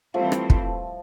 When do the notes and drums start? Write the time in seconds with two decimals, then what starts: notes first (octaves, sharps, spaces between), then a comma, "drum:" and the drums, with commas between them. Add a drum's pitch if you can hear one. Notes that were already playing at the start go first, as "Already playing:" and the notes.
0.14 E3 F3 G3 A3 C4 E4
0.32 drum: rim click
0.50 drum: kick